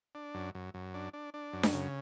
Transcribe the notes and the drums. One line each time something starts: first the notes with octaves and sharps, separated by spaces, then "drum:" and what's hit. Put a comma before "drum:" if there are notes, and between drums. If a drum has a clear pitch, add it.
D4
F#2
F#2
F#2
D4
D4
D4
F#2
drum: snare D4
C#3